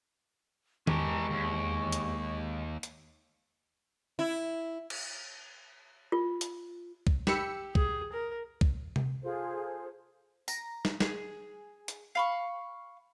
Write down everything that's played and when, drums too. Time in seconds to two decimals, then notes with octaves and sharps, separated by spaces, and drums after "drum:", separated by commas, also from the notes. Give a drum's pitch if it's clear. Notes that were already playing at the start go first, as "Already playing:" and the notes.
0.87 E2 G#3 G4 G#4 A#4 C#6, drum: tom D#3
1.30 D#2
1.92 drum: hi-hat
2.83 drum: hi-hat
4.19 E4
4.90 drum: cymbal
6.12 F4
6.41 drum: hi-hat
7.07 drum: kick C2
7.27 G4 B5 E6 C#7, drum: snare
7.75 G#4, drum: kick C2
8.13 A#4
8.61 drum: kick C2
8.96 drum: tom C3
9.23 F4 G#4 A4 C5
10.48 A#5, drum: tambourine
10.85 drum: snare
11.00 G#4, drum: snare
11.88 drum: hi-hat
12.15 F5 B5 C#6